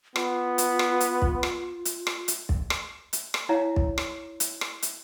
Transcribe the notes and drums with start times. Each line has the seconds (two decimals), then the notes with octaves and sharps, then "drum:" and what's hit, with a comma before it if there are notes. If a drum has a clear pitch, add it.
0.16 B3 F4, drum: rim click
0.58 drum: hi-hat
0.79 drum: rim click
1.00 drum: hi-hat
1.22 drum: kick
1.43 drum: rim click
1.85 drum: hi-hat
2.07 drum: rim click
2.28 drum: hi-hat
2.49 drum: kick
2.70 drum: rim click
3.13 drum: hi-hat
3.34 drum: rim click
3.49 D#4 E4 C#5 F5 A#5
3.76 drum: kick
3.98 drum: rim click
4.40 drum: hi-hat
4.61 drum: rim click
4.82 drum: hi-hat